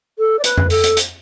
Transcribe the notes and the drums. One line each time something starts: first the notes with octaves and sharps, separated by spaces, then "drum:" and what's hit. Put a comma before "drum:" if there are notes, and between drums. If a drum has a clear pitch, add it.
A4
D5
B4, drum: hi-hat
drum: tom F2
A4, drum: open hi-hat
drum: hi-hat
drum: hi-hat